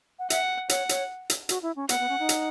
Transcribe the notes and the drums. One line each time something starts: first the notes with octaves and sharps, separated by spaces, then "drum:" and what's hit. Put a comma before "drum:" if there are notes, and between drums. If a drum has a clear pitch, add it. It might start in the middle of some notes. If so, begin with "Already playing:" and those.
F#5
E5 F#5, drum: hi-hat
C#5 F#5, drum: hi-hat
C#5, drum: hi-hat
drum: hi-hat
F#4, drum: hi-hat
E4
C#4
B3 F#5, drum: hi-hat
B3
C#4
D#4
drum: hi-hat